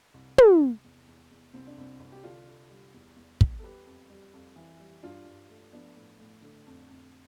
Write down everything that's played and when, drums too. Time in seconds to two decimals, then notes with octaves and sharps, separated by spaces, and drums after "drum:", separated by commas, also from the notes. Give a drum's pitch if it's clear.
0.14 C2
0.38 C2, drum: tom
0.61 C2
0.84 E2
1.07 E2
1.31 E2
1.54 C2 C4
1.67 D4
1.78 C2 C4
2.00 C2
2.12 G4
2.23 D3 D4 F4
2.47 D3
2.70 G3
2.94 E2
3.16 E2
3.41 E2, drum: kick
3.58 A4
3.63 G3 G4 B4
3.86 F2
4.10 G3
4.34 F2
4.56 E3
4.80 G3
5.03 G2 D4 F4
5.26 G2
5.50 A3
5.73 F3 B3 D4
5.96 A2
6.20 A2
6.42 D3
6.67 F2
6.89 F2